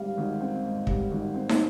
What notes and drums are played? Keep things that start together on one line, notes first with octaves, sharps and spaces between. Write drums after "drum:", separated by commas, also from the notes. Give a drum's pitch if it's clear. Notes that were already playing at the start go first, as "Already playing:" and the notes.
Already playing: G#1 G#2 G3 C4 F5
G#1
C4
G#2
G3, drum: kick
G#1
C4
drum: snare